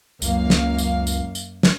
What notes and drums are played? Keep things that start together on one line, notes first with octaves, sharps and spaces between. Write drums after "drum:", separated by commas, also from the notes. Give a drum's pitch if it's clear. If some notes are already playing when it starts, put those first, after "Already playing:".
C#2 F#2 A#3 F5, drum: tambourine
drum: snare
drum: tambourine
drum: tambourine
drum: tambourine
drum: snare